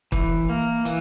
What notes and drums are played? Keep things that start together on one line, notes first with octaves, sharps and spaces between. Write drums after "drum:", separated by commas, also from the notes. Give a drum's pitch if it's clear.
E3, drum: kick
A#3
E3, drum: hi-hat